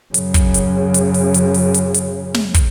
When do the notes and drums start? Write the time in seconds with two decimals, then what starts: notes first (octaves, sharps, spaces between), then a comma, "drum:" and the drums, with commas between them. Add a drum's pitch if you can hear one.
0.14 F#2 C#3, drum: hi-hat
0.34 drum: kick, hi-hat
0.54 drum: hi-hat
0.94 drum: hi-hat
1.14 drum: open hi-hat
1.34 drum: hi-hat
1.54 drum: open hi-hat
1.74 drum: hi-hat
1.94 drum: hi-hat
2.34 drum: snare
2.54 drum: kick, hi-hat